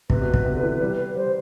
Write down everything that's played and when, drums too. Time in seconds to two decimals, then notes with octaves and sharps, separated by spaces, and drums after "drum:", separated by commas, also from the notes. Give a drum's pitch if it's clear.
0.10 C3 B4, drum: kick
0.22 B2
0.34 B2, drum: kick
0.45 C3
0.54 D3
0.63 E3
0.81 G3
1.15 G3 C5